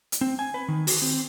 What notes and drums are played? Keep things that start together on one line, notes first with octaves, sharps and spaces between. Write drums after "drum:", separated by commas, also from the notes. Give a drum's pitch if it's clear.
drum: hi-hat
C4
G#5
B4
D#3
F#4, drum: open hi-hat
C4